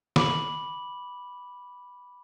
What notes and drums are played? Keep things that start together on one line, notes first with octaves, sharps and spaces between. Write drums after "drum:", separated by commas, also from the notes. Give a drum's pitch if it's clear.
B5 D6 F#7, drum: snare